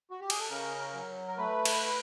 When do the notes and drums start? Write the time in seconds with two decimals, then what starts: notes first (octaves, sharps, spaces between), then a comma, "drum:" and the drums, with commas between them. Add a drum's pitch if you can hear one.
0.11 F#4
0.21 G4
0.30 G#4, drum: cymbal
0.40 A4
0.49 C#3 A#4
0.94 F#3
1.28 A#4
1.38 A3 B4
1.65 drum: cymbal